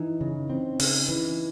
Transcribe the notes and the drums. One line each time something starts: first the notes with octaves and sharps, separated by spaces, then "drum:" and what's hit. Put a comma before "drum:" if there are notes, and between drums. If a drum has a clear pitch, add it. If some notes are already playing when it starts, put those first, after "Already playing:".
Already playing: E3 D#4
C#3
C4
C#3, drum: open hi-hat
E3